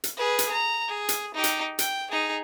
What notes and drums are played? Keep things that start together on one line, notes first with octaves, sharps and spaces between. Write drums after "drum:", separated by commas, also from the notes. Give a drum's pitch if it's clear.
drum: hi-hat
G#4 B4
drum: hi-hat
A#5
G#4
drum: hi-hat
D#4 G4
drum: hi-hat
G5, drum: hi-hat
D#4 G#4